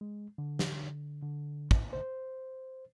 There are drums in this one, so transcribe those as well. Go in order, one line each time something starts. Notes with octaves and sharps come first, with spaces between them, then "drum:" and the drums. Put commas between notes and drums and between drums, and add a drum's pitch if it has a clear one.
G#3
D3
drum: snare
D3
drum: kick
C5